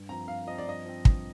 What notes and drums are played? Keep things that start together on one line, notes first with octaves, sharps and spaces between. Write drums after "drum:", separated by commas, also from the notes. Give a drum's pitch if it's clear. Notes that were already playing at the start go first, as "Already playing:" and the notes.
Already playing: G2
F3 C4 A#5
G2 F5
F3 C4 D#5
D5
G2 D#5
F3 C4
G2, drum: kick